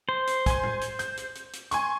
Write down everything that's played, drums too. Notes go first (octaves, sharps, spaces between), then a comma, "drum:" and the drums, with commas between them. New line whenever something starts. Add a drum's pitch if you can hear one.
C5
drum: hi-hat
G#5 C6, drum: kick, hi-hat
drum: tom A2
drum: hi-hat
G6, drum: hi-hat
drum: hi-hat
drum: hi-hat
drum: hi-hat
G#5 C6 C#6, drum: hi-hat